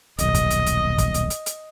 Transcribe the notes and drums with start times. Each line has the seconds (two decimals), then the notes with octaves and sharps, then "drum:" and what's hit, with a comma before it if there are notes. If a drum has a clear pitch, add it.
0.19 D#1 B1 D#5, drum: hi-hat
0.34 drum: kick, hi-hat
0.50 drum: hi-hat
0.66 drum: hi-hat
0.98 drum: kick, hi-hat
1.14 drum: hi-hat
1.30 drum: hi-hat
1.46 drum: hi-hat